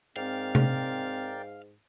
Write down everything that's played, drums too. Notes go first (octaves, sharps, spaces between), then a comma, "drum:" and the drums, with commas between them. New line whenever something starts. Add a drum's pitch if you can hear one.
G#2 C4 A#4 D5 F5 G5
drum: tom C3